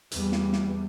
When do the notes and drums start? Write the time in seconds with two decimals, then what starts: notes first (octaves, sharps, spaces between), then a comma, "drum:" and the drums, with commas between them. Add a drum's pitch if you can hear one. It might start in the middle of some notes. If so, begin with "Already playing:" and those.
0.11 E2 G3, drum: hi-hat
0.32 drum: snare
0.53 drum: snare